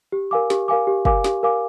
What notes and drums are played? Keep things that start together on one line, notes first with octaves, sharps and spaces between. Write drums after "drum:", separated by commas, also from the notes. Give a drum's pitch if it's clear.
G4
A#4 F5 G#5 D6
G4, drum: snare
A#4 F5 G#5 D6
G4
A#4 F5 G#5 D6, drum: kick
G4, drum: snare
A#4 F5 G#5 D6